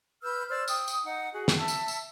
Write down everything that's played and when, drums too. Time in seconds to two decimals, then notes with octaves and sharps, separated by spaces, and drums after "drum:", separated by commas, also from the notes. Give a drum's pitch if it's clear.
0.23 B4 E6 F6 G6
0.49 C5 D5 E6 F6
0.68 G5 D#6, drum: tambourine
0.88 drum: tambourine
1.04 D#4 F#5
1.32 F#4 G#4
1.48 drum: snare
1.58 E5 A5 E6
1.68 drum: tambourine
1.88 drum: tambourine